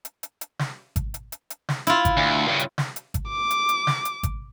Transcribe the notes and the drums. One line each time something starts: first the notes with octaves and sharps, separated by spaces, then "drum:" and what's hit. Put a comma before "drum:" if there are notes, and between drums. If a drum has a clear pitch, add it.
drum: hi-hat
drum: hi-hat
drum: hi-hat
drum: snare
drum: kick G#1, hi-hat
drum: hi-hat
drum: hi-hat
drum: hi-hat
drum: snare
E4 F4, drum: hi-hat
drum: kick G#1, hi-hat
D2
G2 C#3
drum: hi-hat
drum: snare
drum: hi-hat
drum: kick G#1, hi-hat
D6
drum: hi-hat
drum: hi-hat
drum: snare
drum: hi-hat
drum: kick G#1, hi-hat